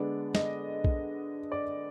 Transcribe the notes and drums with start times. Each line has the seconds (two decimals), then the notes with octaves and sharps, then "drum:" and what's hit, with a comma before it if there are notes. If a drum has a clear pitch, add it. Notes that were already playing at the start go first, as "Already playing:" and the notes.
Already playing: D3 G#3 B3 D5
0.35 D#5, drum: snare
0.84 drum: kick B1
1.52 D5